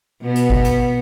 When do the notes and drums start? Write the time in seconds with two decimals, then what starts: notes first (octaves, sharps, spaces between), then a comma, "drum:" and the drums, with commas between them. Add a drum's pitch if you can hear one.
0.21 B2 B3
0.36 drum: hi-hat
0.50 drum: kick G#1
0.65 drum: hi-hat